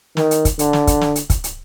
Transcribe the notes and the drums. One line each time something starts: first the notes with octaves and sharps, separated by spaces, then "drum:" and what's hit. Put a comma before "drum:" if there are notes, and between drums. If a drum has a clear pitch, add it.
D#3, drum: snare
drum: hi-hat
drum: kick, hi-hat
D3, drum: hi-hat
drum: snare
drum: kick, hi-hat
drum: snare
drum: hi-hat
drum: kick, hi-hat
drum: hi-hat